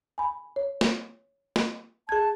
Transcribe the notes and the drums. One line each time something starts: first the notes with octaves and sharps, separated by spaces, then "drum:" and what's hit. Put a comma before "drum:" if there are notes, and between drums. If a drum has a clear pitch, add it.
G#5 B5
C#5
drum: snare
drum: snare
G#4 A5 G#6